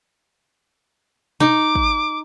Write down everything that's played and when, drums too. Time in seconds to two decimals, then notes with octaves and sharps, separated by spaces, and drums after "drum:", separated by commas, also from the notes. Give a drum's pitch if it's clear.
1.40 D#4 D6, drum: tom B2
1.75 drum: kick